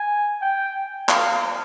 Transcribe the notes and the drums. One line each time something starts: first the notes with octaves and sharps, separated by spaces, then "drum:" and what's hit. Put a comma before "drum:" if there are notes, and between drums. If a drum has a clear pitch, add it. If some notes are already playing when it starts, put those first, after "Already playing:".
Already playing: G#5
G5
F5, drum: clap